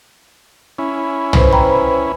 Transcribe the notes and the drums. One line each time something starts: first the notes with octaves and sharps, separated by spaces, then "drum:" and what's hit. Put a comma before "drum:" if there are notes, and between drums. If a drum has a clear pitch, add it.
C#4 E4
B4 C5, drum: tom
G5 A#5 B5